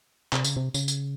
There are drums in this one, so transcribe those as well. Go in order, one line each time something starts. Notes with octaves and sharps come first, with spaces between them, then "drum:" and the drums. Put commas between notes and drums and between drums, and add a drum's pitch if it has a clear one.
C3, drum: clap
C#3, drum: tambourine
C3
C#3, drum: tambourine
drum: tambourine